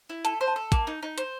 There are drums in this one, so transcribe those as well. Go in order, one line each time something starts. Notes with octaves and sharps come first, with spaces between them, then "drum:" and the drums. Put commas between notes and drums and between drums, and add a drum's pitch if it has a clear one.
E4
A4 A5, drum: hi-hat
C5
A5
A4
A#3, drum: kick, hi-hat
D#4
D#4
C5, drum: hi-hat